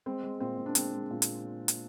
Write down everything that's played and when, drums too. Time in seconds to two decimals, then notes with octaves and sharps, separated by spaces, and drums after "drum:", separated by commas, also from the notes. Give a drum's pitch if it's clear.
0.06 G#3 C4
0.23 G#3
0.40 A#2 C4
0.58 A#2
0.66 D4
0.75 G#3 C4, drum: hi-hat
0.92 G#3
1.11 A#2
1.22 drum: hi-hat
1.68 drum: hi-hat